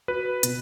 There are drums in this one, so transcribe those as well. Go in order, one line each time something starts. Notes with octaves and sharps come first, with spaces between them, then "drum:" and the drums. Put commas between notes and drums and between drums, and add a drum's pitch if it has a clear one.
F#4 B4
B2, drum: hi-hat